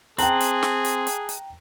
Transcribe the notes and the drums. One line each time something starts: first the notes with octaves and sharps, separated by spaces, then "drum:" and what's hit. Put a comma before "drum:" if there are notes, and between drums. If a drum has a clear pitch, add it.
C4 G#4 G5 A5 A#5 F#6 F#7, drum: hi-hat
drum: hi-hat
drum: snare
drum: hi-hat
drum: hi-hat
drum: hi-hat